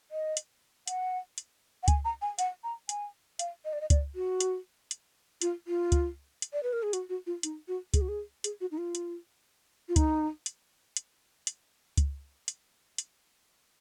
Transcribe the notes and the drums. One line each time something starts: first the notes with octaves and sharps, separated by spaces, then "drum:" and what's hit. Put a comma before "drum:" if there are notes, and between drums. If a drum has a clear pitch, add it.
D#5
drum: hi-hat
F#5, drum: hi-hat
drum: hi-hat
F#5
G#5, drum: kick C#2, hi-hat
A#5
G#5
F#5, drum: hi-hat
A#5
G#5, drum: hi-hat
F5, drum: hi-hat
D#5
D5
D#5
D5, drum: kick C#2, hi-hat
F#4
drum: hi-hat
drum: hi-hat
F4, drum: hi-hat
F4
drum: kick C#2, hi-hat
drum: hi-hat
D5
B4
A#4
G#4
F#4, drum: hi-hat
F#4
F4
D#4, drum: hi-hat
F#4
G#4, drum: kick C#2, hi-hat
F#4
G#4
G#4, drum: hi-hat
F#4
D#4
F4
drum: hi-hat
F4
D#4, drum: kick C#2, hi-hat
drum: hi-hat
drum: hi-hat
drum: hi-hat
drum: kick C#2, hi-hat
drum: hi-hat
drum: hi-hat